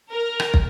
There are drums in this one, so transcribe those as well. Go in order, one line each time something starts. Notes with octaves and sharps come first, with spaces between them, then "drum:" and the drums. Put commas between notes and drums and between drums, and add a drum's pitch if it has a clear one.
A#4
drum: rim click
drum: kick